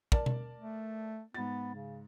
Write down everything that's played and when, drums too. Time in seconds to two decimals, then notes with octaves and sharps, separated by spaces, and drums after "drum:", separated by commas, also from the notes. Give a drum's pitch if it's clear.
0.12 A#4 D5 A5, drum: kick
0.26 drum: tom B2
0.58 A3
1.34 G#2 B3 A6
1.74 C#3